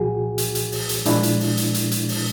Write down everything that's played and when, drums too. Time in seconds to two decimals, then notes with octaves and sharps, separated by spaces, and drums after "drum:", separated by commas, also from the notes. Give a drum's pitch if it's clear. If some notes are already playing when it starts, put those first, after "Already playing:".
Already playing: C2 A#2 F3 F#4 G#4
0.38 drum: hi-hat
0.55 drum: hi-hat
0.72 drum: open hi-hat
0.89 drum: hi-hat
1.06 A#2 F3 G#3 D4 E4, drum: hi-hat
1.23 drum: hi-hat
1.40 drum: open hi-hat
1.57 drum: hi-hat
1.74 drum: hi-hat
1.91 drum: hi-hat
2.09 drum: open hi-hat